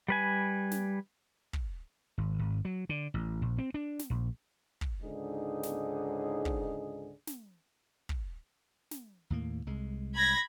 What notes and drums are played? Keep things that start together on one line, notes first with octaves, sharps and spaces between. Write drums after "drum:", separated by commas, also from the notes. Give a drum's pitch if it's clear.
G3 B4 G#5
drum: snare
drum: kick
G#1
G#1
F#3
D3
A1
A#1
C4
D4
drum: snare
A#1
drum: kick
C#2 G#2 D3 D#4 G#4
drum: snare
drum: kick
drum: snare
drum: kick
drum: snare
D#2 A2 A#3
C2 G#3
B5 G#6 A#6